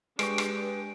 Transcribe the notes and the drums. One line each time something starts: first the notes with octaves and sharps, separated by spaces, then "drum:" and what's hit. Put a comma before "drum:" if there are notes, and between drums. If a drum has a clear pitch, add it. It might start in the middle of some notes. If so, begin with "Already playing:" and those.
G#3 D4 G4 B4 C#6 D7, drum: rim click
drum: rim click